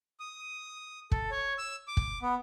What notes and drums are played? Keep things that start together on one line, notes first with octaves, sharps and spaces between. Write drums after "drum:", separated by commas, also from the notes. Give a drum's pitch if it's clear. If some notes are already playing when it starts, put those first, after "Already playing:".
D#6
A4, drum: kick
C#5
E6
D6
drum: kick
B3